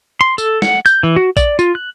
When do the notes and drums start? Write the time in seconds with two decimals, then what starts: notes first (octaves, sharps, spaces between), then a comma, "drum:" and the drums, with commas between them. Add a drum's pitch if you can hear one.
0.21 C6
0.38 A4, drum: tambourine
0.62 F#5, drum: snare
0.86 G6, drum: tambourine
1.03 E3
1.16 F#4
1.37 D5, drum: kick A#1, tambourine
1.59 F4, drum: tambourine
1.75 F#6